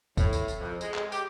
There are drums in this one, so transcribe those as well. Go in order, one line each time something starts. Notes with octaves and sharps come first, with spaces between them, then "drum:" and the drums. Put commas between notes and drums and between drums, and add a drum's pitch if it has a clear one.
A2, drum: kick F#1, tambourine
drum: tambourine
drum: tambourine
F2
G#3, drum: tambourine
drum: clap
G4, drum: tambourine